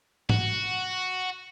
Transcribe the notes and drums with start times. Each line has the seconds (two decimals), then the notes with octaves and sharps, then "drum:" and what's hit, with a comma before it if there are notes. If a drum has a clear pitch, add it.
0.29 F#4, drum: tom G#2